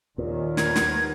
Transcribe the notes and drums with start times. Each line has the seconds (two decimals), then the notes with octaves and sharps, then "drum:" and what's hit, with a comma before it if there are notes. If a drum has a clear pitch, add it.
0.18 D#2 A#2 D#3
0.57 B3 A#4 G#6, drum: snare
0.76 drum: snare